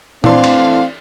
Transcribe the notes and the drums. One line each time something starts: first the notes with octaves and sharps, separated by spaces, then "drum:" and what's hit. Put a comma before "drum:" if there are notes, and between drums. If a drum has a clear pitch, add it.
E3 A3 C4 D4 F5 C6, drum: tom A#2
drum: cymbal